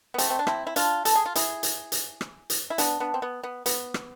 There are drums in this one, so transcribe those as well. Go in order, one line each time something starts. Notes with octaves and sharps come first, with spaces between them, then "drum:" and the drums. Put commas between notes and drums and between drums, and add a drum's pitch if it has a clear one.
B3
A3 C4, drum: hi-hat
C4
D4
C4 E4, drum: rim click
E4
D4 F4, drum: hi-hat
A4, drum: hi-hat
G#4
F4
E4 G#4, drum: hi-hat
drum: hi-hat
drum: hi-hat
drum: rim click
drum: hi-hat
E4
B3 D4, drum: hi-hat
B3 D4
C4
B3
B3
B3, drum: hi-hat
drum: rim click